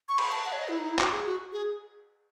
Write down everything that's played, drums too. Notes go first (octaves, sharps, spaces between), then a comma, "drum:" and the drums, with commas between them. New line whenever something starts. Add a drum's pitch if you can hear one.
C#6
B5, drum: cymbal
A5
F#5
C#5
D#5
E4
D#4
E4
F#4, drum: clap
G#4
F#4
G#4